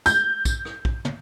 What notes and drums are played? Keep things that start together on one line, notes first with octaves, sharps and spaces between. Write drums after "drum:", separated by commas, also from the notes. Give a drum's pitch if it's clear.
G6, drum: tambourine
drum: kick A#1, tambourine
drum: rim click
drum: kick A#1
drum: tom